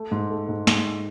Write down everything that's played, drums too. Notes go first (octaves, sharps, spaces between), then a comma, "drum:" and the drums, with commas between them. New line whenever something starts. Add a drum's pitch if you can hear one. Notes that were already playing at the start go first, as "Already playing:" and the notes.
Already playing: A3
G#2
A3
G#2
G#2, drum: snare